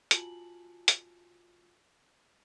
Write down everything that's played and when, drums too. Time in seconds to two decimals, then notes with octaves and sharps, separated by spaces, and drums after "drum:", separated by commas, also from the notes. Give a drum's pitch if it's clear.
0.11 F4 F#4 G#5 A5 F#7, drum: hi-hat
0.88 drum: hi-hat